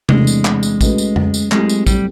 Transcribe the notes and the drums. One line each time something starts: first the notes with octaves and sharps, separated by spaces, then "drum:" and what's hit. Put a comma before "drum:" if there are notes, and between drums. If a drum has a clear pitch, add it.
E2 C3 E3 G#3 A3 D4, drum: tom C3
drum: tambourine
drum: clap
drum: tambourine
A3 C#4 F#4 B4 D#5, drum: kick, tambourine
drum: tambourine
drum: tom F2
drum: tambourine
F#3 G#3 A3 C4 E4 G4, drum: clap
drum: tambourine
G3, drum: kick, tambourine